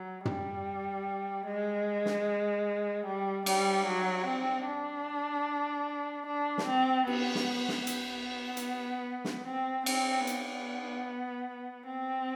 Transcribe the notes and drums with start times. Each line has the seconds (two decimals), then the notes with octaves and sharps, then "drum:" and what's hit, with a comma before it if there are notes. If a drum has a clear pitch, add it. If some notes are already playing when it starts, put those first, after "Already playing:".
Already playing: F#3
0.25 G3, drum: tom
1.46 G#3
2.06 drum: snare
3.06 G3
3.46 G3, drum: cymbal
3.87 F#3
4.26 C4
4.67 D4
6.27 D4
6.58 drum: snare
6.67 C4
7.07 B3, drum: cymbal
7.35 drum: snare
7.68 drum: snare
7.87 B3, drum: hi-hat
8.57 drum: hi-hat
9.25 drum: snare
9.46 C4
9.86 C4, drum: cymbal
10.27 B3, drum: hi-hat
11.86 C4